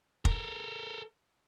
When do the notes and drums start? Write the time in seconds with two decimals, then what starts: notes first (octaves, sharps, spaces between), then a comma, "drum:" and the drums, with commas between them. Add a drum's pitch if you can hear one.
0.25 A4 A#4, drum: kick F1